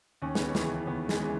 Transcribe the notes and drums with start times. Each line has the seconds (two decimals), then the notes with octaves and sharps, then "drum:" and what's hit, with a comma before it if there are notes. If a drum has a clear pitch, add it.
0.22 D#2 C#4
0.35 B3, drum: snare
0.48 C#4
0.55 C#3 E3, drum: snare
0.87 D#2 B3
1.09 G#3, drum: snare
1.20 C#3 E3